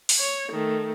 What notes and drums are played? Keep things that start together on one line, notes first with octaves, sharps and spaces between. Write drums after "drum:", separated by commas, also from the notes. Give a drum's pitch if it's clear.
drum: open hi-hat
C#5
D#3 A3